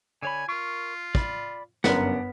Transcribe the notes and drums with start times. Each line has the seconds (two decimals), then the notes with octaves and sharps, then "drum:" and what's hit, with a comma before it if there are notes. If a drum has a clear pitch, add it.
0.23 D3 C#5 G#5 B5
0.49 F4 A#4 C#6
1.15 D5 B5, drum: kick
1.84 G1 F#2 B3 D4 A#4 F#5, drum: snare